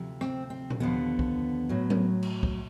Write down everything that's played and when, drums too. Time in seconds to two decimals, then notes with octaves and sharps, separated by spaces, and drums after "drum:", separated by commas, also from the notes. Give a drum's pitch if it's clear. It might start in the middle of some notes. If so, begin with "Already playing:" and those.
Already playing: D2 C3 F3
0.21 C4, drum: rim click
0.50 C4
0.70 drum: tom A#2
0.80 D#2 D3 F3 B3
1.19 drum: kick
1.69 A2 F#3
1.90 drum: tom F#3
2.22 drum: cymbal
2.43 drum: kick